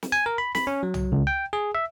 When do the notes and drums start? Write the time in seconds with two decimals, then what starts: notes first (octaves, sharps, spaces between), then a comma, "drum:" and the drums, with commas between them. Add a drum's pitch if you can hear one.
0.03 drum: snare
0.12 G#5
0.26 A#4
0.38 B5
0.55 B5, drum: snare
0.67 C#4
0.83 F#3
0.94 drum: tom
1.12 C#2
1.27 G5
1.53 G#4
1.75 E5